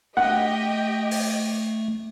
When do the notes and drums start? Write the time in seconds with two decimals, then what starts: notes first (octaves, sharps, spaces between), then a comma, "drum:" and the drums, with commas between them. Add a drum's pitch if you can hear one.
0.17 A3 G4 D#5 F#5 G5
1.11 drum: open hi-hat